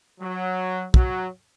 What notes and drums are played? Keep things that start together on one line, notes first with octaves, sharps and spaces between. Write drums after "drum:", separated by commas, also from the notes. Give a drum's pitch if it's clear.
F#3
F#3, drum: kick